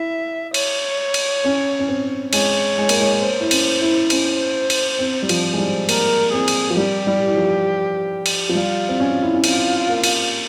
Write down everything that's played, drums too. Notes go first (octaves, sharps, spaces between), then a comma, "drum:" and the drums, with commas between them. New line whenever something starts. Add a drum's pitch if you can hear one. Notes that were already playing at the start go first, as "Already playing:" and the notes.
Already playing: E4 E5
C#5, drum: cymbal
drum: cymbal
C#4
C#4
C4
G#3 C#5, drum: cymbal
G#3
A#3, drum: cymbal
G#3
A#3 C5
E4
C#4, drum: cymbal
E4
C#4 C5, drum: cymbal
drum: cymbal
C4
G3
F3, drum: cymbal
G#3
G3
A#3 A#4, drum: cymbal
C4 G#4
drum: cymbal
F3
G3 G4
G3
E3
F3
drum: cymbal
F3
G3 F4
C4
C#4
E4
C#4
C4 F4, drum: cymbal
A#3
drum: cymbal